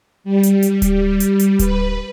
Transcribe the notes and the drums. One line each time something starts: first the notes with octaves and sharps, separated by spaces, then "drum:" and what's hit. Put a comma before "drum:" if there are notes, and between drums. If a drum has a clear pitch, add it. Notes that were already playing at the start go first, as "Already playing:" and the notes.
G3
drum: hi-hat
drum: hi-hat
drum: kick D1, hi-hat
drum: hi-hat
drum: hi-hat
B4, drum: kick D1, hi-hat